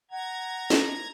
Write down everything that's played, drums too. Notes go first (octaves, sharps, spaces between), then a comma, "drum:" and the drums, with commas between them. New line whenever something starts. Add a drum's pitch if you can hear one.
F#5 A#5 G#6
drum: snare